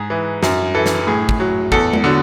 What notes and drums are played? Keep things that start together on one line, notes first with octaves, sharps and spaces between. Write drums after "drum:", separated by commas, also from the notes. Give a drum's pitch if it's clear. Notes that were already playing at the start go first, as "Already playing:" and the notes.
Already playing: G#2 G#4
E3
F#2, drum: snare
E3 A4
drum: snare
A2 G#4
drum: kick
F#3
E2 A4, drum: kick
drum: tom G#3
D3 F#3